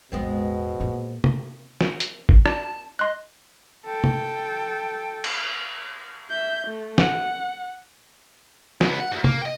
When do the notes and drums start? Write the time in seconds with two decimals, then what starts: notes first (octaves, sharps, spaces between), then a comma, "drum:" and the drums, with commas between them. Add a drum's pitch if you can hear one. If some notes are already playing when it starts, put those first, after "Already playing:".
0.12 A1 E2 B2 G#3 B3 C4
0.80 A#2 A#3
1.24 drum: tom
1.81 drum: snare
2.00 drum: hi-hat
2.29 drum: kick G#1
2.46 D5 A5, drum: rim click
2.99 D#5 C6 F#6
3.86 A4 G5
4.04 drum: tom
5.24 drum: cymbal
6.30 E5 G6
6.67 A3
6.98 F#5, drum: snare
8.81 C#2 B3, drum: snare
9.00 F#5
9.12 D2 G#2
9.24 A#3, drum: tom
9.42 D#5 G5